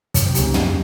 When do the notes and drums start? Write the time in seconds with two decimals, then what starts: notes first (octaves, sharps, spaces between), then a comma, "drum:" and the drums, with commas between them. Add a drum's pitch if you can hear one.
0.14 C#3 F#3, drum: kick, hi-hat
0.26 C3
0.35 C#2 C#3 A#3 D#4 G4, drum: hi-hat
0.54 F#3, drum: tom